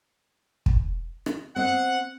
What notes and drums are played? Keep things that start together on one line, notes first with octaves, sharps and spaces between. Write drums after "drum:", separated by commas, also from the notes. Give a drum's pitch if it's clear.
drum: kick
drum: rim click
C4 D#5 F#5